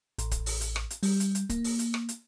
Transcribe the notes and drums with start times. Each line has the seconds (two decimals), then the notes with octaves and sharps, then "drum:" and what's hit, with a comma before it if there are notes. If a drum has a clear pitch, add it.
0.18 A1, drum: hi-hat
0.31 drum: kick, hi-hat
0.46 drum: open hi-hat
0.61 drum: hi-hat
0.76 drum: rim click
0.90 drum: hi-hat
1.03 G3, drum: open hi-hat
1.20 drum: hi-hat
1.35 drum: hi-hat
1.50 A#3, drum: kick, hi-hat
1.64 drum: open hi-hat
1.79 drum: hi-hat
1.94 drum: rim click
2.09 drum: hi-hat